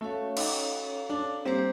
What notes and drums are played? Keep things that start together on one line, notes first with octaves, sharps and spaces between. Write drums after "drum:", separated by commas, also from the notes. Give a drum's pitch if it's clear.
A3 C#4 F#4 A4 C#5 F5
D#4, drum: cymbal
D4
G3 A#3 C4 D4 G4 C5